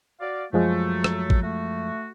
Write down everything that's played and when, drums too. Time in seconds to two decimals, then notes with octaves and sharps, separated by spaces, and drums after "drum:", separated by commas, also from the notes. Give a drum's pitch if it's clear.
0.21 F#4 D5 F5
0.53 F#2 F3 F#3 G#3 A3
1.04 drum: rim click
1.30 drum: kick A1
1.42 A3 F#4